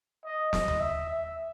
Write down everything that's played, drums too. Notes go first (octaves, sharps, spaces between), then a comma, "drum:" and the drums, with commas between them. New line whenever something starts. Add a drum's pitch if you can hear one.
D#5
D#5, drum: snare
drum: tom D#2
E5
E5